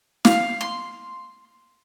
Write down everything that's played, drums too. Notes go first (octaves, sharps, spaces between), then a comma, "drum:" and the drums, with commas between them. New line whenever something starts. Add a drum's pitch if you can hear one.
F5, drum: snare
C6